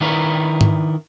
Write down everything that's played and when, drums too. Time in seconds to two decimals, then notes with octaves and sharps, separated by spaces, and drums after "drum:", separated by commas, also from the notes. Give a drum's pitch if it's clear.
0.01 D#3 D4 E4 A#4 B4 C#5
0.61 drum: tom G#2